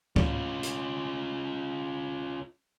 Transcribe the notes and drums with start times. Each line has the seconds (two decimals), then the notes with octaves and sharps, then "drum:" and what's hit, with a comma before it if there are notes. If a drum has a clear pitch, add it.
0.16 C#4 F4, drum: kick C#2
0.63 drum: hi-hat